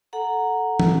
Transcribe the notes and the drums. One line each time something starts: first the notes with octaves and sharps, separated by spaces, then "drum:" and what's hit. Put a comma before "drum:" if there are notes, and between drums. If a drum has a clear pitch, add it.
A4 F#5 A#5
drum: tom